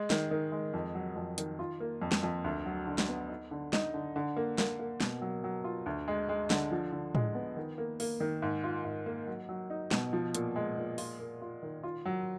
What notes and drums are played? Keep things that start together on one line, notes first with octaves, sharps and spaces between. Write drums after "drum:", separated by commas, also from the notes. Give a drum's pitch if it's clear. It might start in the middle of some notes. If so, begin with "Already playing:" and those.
Already playing: G#3
D#3, drum: snare
D#3
G#3
F2
F#3
F2
D#3, drum: hi-hat
F4
A#3
F2
drum: snare
F2
D2
F#3
D3
drum: snare
B3
D#4
D3
D#4, drum: snare
D3
D3
A#3
A#3, drum: snare
A#3
B2, drum: snare
F#3
F#3
F4
D2
G#3
G#3
D3, drum: snare
F3
D3
G#3, drum: tom A2
B3
D#3
A#3
A#3, drum: open hi-hat
D#3
G#2
F4
G#2
A#3
F#3
F#3
D#4
B2, drum: snare
F3
A#2, drum: hi-hat
G#3
A#2
F4, drum: open hi-hat
A#3
F4
D#3
F4
F#3